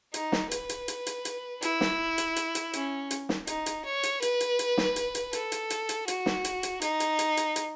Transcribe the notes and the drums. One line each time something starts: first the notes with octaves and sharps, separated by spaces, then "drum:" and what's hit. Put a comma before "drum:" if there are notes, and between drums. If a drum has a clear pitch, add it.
D#4, drum: hi-hat
drum: snare
B4, drum: hi-hat
drum: hi-hat
drum: hi-hat
drum: hi-hat
drum: hi-hat
E4, drum: hi-hat
drum: snare
drum: hi-hat
drum: hi-hat
drum: hi-hat
C#4, drum: hi-hat
drum: hi-hat
drum: snare
D#4, drum: hi-hat
drum: hi-hat
C#5
drum: hi-hat
B4, drum: hi-hat
drum: hi-hat
drum: hi-hat
drum: snare
drum: hi-hat
drum: hi-hat
A4, drum: hi-hat
drum: hi-hat
drum: hi-hat
drum: hi-hat
F#4, drum: hi-hat
drum: snare
drum: hi-hat
drum: hi-hat
D#4, drum: hi-hat
drum: hi-hat
drum: hi-hat
drum: hi-hat
drum: hi-hat